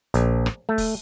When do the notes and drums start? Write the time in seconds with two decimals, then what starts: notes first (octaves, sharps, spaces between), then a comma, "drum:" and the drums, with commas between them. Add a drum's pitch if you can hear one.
0.14 A#1, drum: hi-hat
0.46 drum: rim click
0.69 A3
0.78 drum: kick E1, open hi-hat